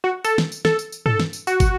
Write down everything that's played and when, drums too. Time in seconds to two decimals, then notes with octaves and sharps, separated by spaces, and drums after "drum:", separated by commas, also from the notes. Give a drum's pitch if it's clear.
0.04 F#4
0.25 A4, drum: tambourine
0.38 drum: snare
0.52 drum: tambourine
0.65 A4, drum: snare
0.79 drum: tambourine
0.92 drum: tambourine
1.06 A4, drum: tom
1.20 drum: snare
1.33 drum: tambourine
1.47 F#4, drum: tambourine
1.60 drum: kick, tambourine